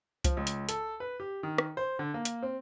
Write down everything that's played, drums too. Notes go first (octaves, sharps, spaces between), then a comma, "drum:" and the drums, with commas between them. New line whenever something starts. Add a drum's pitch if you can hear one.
F3, drum: kick C2, hi-hat
C#2
drum: hi-hat
A4, drum: hi-hat
B4
G4
D#3
drum: rim click
C5
D3
A#3
drum: hi-hat
C4